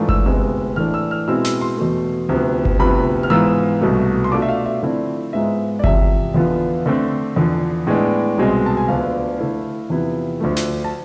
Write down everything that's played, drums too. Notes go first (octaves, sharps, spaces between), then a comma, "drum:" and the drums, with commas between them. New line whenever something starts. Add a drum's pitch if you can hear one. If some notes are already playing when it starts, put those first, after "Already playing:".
Already playing: G#2 E3 A3 D4 F4
E6, drum: kick G1
D2 C3 G#3 B3 E6
A2 E3 A3 D4 F6
E6
F6
B2 G#3 C4 E4 E6
E6, drum: snare
C6
E2 B2 A3
D2 C3 F3 B3
drum: kick G1
D2 C3 F3 B3 B5
F6
G#2 E3 B3 F4 E6
C2 B2 A3
C6
B2 A3 D4 F4 D6
E5
F5
E5
D3 F3 A3 C4 E4 D5
G#2 G#3 B3 F4 E5
D5
E2 C3 F3 E5, drum: kick G1
E2 D3 F3 B3 F4
D3 A3 C4
E2 D3 F3
A2 G#3 B3 D4
C2 B2 G#3 C4
A5
G#5
D2 D3 F3 B3 D4 F5
D3 A3 E4
E2 C3 F3 B3 E4
D2 D3 F3 A3
drum: snare
A5